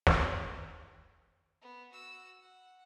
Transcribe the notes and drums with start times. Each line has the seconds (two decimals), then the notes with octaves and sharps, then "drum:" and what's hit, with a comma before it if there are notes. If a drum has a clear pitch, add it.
0.07 drum: snare
1.62 B3
1.93 F#4 E6
2.41 F#5